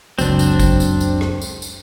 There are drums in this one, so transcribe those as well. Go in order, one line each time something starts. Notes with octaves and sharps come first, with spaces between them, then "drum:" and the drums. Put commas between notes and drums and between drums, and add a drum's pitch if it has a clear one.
F#1 C#2 F#3 C4 D4, drum: tambourine
drum: tambourine
drum: kick G#1, tambourine
drum: tambourine
drum: tambourine
drum: rim click
drum: tambourine
drum: tambourine